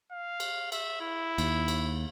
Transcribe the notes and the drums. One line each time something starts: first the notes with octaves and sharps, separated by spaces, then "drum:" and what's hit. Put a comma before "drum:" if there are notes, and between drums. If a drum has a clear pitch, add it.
F5
drum: cymbal
E5, drum: cymbal
E4
D#2, drum: cymbal
drum: cymbal